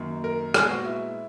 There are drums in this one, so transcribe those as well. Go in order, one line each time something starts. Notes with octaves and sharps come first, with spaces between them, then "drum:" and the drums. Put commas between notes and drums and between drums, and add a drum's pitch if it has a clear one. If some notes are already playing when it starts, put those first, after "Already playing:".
Already playing: F#2 D#3 A#3
A#4
A#2 G#3 B3 G#4, drum: rim click
F#4
E4